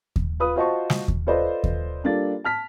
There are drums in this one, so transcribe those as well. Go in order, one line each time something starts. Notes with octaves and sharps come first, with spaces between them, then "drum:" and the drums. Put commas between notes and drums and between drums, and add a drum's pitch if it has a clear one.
drum: kick D#2
F4 B4 D#6
F4 F#4 C5 D#5 A5 C#6
drum: snare
drum: kick D#2
F4 A4 B4 C5 D5 D#5
drum: kick D#2
G3 A#3 D4 F4 A4 A6
A5 F6 B6